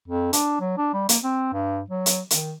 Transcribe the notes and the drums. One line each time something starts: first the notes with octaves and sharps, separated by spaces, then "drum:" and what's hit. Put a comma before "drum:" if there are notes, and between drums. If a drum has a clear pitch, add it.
F2
D4, drum: hi-hat
F#3
D4
G3
A#3, drum: hi-hat
C4
G2
F#3
drum: hi-hat
D#3, drum: hi-hat